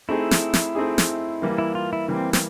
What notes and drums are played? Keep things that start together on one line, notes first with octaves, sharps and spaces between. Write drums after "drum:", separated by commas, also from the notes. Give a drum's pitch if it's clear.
A3 C4 D#4 E4 G#4
drum: snare
drum: snare
A3 C4 D#4 G#4
drum: snare
E3 G3 A#3
E4
F4
E4
E3 G3 A#3 C4
C4, drum: snare